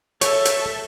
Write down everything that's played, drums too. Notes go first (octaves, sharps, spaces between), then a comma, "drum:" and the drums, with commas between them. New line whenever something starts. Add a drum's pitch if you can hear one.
A4 C#5 E5, drum: hi-hat
drum: hi-hat